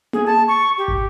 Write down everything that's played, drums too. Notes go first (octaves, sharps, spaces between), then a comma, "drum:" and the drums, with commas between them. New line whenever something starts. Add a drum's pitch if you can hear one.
G#4, drum: tom A#3
A5
C#6
G4
drum: kick